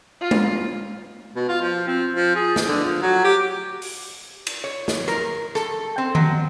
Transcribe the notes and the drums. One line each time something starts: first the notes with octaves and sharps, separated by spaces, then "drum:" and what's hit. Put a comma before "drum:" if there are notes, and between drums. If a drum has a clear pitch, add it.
F4
drum: tom G#3
B2
F4
F3
C4
F3
G#4
drum: snare
D3
F3
F#3
G4
drum: open hi-hat
drum: cymbal
C#5
drum: snare
A#4, drum: rim click
A4, drum: rim click
C4
F#3, drum: tom D#3